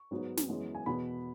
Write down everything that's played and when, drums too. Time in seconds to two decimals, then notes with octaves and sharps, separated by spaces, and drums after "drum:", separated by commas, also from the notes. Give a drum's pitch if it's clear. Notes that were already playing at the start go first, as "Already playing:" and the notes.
Already playing: C#6
0.11 G#2 F#3 B3
0.37 drum: snare
0.48 F#2 E3 G#3 B3
0.75 G#5
0.86 E2 B2 B3 B5